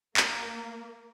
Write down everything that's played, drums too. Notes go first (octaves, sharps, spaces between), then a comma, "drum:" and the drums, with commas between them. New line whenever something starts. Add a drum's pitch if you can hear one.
A#3, drum: clap